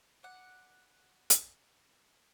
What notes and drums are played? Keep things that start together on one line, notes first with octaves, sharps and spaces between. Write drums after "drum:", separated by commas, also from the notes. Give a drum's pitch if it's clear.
D5 F#5
drum: hi-hat